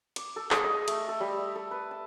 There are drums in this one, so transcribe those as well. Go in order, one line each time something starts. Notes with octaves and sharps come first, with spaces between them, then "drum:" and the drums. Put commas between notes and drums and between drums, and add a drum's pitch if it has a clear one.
D6, drum: cymbal
A4
G#4, drum: clap
D#5
A3, drum: cymbal
A4
G3
E5
A4
B4
A5